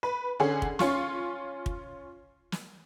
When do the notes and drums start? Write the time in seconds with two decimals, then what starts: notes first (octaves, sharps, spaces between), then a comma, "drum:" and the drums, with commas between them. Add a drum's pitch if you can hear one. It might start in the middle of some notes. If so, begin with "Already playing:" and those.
0.03 B4
0.40 D3 C#4 G#4
0.62 drum: kick
0.79 C#4 F4 C#6, drum: snare
1.66 drum: kick
2.52 drum: snare